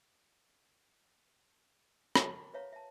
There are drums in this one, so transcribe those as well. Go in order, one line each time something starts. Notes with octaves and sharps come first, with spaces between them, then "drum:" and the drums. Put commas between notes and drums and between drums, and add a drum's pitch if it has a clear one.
F#4 A4 A#4 G5 A5 C#6, drum: rim click
B4 C#5 E5 F5 A#5
E5 A5